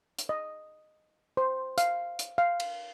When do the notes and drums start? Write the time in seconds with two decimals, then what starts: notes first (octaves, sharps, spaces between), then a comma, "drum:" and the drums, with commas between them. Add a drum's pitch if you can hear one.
0.19 drum: hi-hat
0.29 D#5
1.37 C5
1.78 F5, drum: hi-hat
2.19 drum: hi-hat
2.38 F5
2.60 drum: cymbal